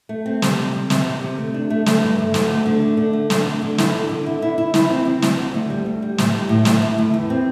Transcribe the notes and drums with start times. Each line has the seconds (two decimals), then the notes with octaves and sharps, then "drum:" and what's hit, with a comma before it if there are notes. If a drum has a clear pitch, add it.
0.09 A3
0.26 C4
0.42 C3, drum: snare
0.57 G3
0.73 G3
0.90 C3, drum: snare
1.06 C3
1.21 C3
1.38 A3
1.54 D4
1.70 A3
1.86 A3, drum: snare
2.02 G2
2.18 A3
2.34 D2, drum: snare
2.50 A3
2.66 D3
2.82 A3
2.97 D3
3.13 A3
3.30 D3, drum: snare
3.46 D3
3.62 D3
3.78 E4, drum: snare
3.94 D3
4.09 D3
4.26 E4
4.42 E4
4.58 E4
4.74 E4, drum: snare
4.90 C4
5.05 C4
5.22 D2, drum: snare
5.38 D2
5.54 D2
5.70 G3
5.86 D2
6.02 G3
6.18 A2, drum: snare
6.34 G3
6.49 A2
6.65 A2, drum: snare
6.82 E4
6.98 A2
7.13 E2
7.30 C4